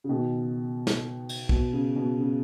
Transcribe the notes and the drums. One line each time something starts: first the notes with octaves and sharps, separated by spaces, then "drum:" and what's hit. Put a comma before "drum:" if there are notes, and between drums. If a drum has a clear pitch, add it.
C#3
B2 D#3
drum: snare
drum: cymbal
B2, drum: kick
C#3
B2
C#3